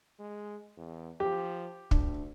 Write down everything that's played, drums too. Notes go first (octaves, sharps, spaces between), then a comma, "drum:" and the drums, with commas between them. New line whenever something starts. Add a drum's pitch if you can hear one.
G#3
E2
F3 G4
D2 D4, drum: kick